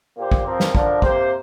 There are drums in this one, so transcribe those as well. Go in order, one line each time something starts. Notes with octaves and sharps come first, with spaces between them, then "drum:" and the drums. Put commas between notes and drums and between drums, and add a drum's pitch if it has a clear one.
A#2 A#3 G4 C5
drum: kick
F3 C4 A#4
drum: snare
D3 F3 D4 A#4, drum: kick
C3 A#3 G4 C5, drum: kick